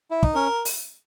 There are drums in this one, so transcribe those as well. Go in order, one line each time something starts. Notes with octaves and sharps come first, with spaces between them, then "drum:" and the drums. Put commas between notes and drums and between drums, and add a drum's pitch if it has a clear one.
E4
D#4, drum: kick
C#4 A#4
drum: open hi-hat